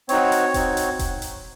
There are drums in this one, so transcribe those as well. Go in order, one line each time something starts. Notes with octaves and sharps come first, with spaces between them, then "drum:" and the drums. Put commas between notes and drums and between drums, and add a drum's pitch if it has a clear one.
C4 D#4 F#4 C#5, drum: hi-hat
drum: hi-hat
C4 D#4 F#4, drum: kick E1, hi-hat
drum: hi-hat
drum: kick E1, hi-hat
drum: hi-hat